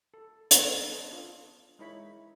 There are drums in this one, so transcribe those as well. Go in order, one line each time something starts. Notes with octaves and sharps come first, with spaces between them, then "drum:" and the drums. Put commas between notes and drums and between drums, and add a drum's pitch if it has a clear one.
A4
B3 G5, drum: hi-hat
C4 C#4 B4 D#5 A5
D4 F4 A4 F5
G#3 D#4 E4 A#4 C#5 B5